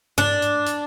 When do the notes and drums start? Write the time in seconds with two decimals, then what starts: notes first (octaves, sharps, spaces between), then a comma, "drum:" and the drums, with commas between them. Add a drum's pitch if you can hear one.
0.18 D4, drum: tom G2
0.42 drum: hi-hat
0.66 drum: hi-hat